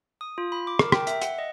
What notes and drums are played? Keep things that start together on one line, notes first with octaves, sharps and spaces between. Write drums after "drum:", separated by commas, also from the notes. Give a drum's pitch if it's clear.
D#6
F4
B5
D6
A#4, drum: rim click
G5, drum: rim click
E5, drum: hi-hat
F#5, drum: hi-hat
D#5